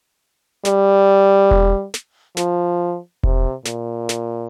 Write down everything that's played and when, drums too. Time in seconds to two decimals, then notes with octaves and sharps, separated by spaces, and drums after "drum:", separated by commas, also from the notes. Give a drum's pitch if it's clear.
0.65 G3, drum: snare
1.51 drum: kick E1
1.94 drum: snare
2.37 F3, drum: snare
3.23 C3, drum: kick E1
3.66 A#2, drum: snare
4.09 drum: snare